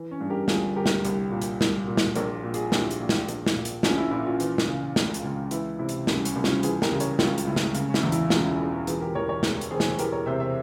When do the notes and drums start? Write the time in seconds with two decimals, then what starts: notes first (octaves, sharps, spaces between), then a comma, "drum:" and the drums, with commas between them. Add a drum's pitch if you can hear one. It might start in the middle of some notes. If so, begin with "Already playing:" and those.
Already playing: E3
0.11 C#4
0.21 G2
0.30 G4 A#4
0.48 G1 F4 G#4, drum: snare
0.76 G1 G4 A#4
0.86 drum: snare
1.05 C2, drum: hi-hat
1.32 A#2
1.42 drum: hi-hat
1.61 C2, drum: snare
1.88 A#2
1.97 drum: snare
2.15 A#1 A#4 C#5, drum: hi-hat
2.43 A#2
2.54 F4 G#4, drum: hi-hat
2.72 A#1 E4 G4, drum: snare
2.91 drum: hi-hat
3.00 A#2
3.09 drum: snare
3.28 A#1, drum: hi-hat
3.47 drum: snare
3.56 A#2
3.65 drum: hi-hat
3.83 A#1 C#4 F4, drum: snare
3.98 E4
4.11 A#2 E4
4.26 C#4 F4
4.40 E3, drum: hi-hat
4.58 drum: snare
4.68 C#3
4.96 C#2, drum: snare
5.14 drum: hi-hat
5.24 C#2
5.51 E3 E4, drum: hi-hat
5.79 C3 E4
5.89 drum: hi-hat
6.07 C2 C#4, drum: snare
6.25 C#4, drum: hi-hat
6.36 C2
6.44 C#4 F4, drum: snare
6.63 E3 F4 G#4, drum: hi-hat
6.82 G4 A#4, drum: snare
6.92 C#3
7.00 A#4 C#5, drum: hi-hat
7.19 C#2 C#4 F4, drum: snare
7.38 drum: hi-hat
7.47 C#2 E4
7.56 drum: snare
7.75 C#3 C#4, drum: hi-hat
7.89 C#4
7.94 E4, drum: snare
8.03 E2
8.12 E4, drum: hi-hat
8.30 E1 C#4 F4, drum: snare
8.45 E4
8.59 E1 E4
8.73 C#4
8.87 E3 F4 G#4, drum: hi-hat
9.00 G4 A#4
9.15 E2 A#4 C#5
9.28 A#4 C#5
9.43 E1, drum: snare
9.61 drum: hi-hat
9.71 E1 G#4 C5
9.80 drum: snare
9.99 E3 G4 A#4, drum: hi-hat
10.12 A#4 C#5
10.26 C3 C5 E5
10.40 C5 E5